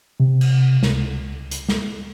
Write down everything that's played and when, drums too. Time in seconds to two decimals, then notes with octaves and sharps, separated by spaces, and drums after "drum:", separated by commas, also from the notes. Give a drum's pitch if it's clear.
0.20 C3
0.41 drum: cymbal
0.83 C#2, drum: snare
1.51 drum: hi-hat
1.69 drum: snare